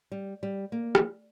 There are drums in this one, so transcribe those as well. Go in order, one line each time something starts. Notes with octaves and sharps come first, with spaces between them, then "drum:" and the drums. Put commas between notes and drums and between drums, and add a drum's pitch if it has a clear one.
G3
G3
A#3
drum: rim click